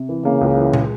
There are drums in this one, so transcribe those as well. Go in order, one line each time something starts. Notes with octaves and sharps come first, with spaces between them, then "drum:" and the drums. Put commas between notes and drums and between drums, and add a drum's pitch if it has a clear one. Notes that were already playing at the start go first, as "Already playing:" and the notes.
Already playing: C3
E3
C#3 A#3
C#2
E3
G#3, drum: tom A#2